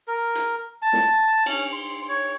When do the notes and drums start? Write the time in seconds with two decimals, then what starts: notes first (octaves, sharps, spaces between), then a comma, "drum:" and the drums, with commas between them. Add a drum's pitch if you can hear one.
0.08 A#4
0.35 drum: hi-hat
0.82 A5
0.93 drum: snare
1.46 C#4, drum: cymbal
1.72 C6
2.09 C#5